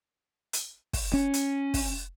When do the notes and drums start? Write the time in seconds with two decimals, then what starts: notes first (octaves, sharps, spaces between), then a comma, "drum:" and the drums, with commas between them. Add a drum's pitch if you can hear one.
0.53 drum: hi-hat
0.93 drum: kick, open hi-hat
1.13 C#4
1.34 drum: hi-hat
1.74 drum: kick, open hi-hat